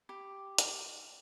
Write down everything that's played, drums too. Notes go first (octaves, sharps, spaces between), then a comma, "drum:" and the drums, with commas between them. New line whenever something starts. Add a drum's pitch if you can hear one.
G4 B5
drum: hi-hat